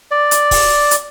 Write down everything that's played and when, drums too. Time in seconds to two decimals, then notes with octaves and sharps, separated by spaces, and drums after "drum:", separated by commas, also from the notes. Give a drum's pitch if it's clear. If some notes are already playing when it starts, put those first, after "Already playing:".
0.11 D5
0.31 drum: hi-hat
0.51 drum: kick, open hi-hat
0.91 drum: hi-hat